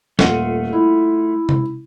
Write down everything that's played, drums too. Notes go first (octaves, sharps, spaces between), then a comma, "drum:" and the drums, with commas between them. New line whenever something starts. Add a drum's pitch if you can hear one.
D#1 A3 F4 F#5 D#7, drum: snare
E4
drum: tom C3